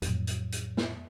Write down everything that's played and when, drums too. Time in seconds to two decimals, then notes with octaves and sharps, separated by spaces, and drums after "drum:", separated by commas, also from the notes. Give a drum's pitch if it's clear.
0.02 F2 A2 F#3, drum: hi-hat
0.27 drum: hi-hat
0.52 drum: hi-hat
0.77 drum: snare